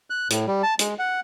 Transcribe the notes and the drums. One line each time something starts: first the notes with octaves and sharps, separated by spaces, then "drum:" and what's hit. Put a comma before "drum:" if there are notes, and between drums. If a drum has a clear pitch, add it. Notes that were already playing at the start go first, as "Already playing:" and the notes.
F#6
A2, drum: hi-hat
G3
A5
G#3, drum: hi-hat
F#5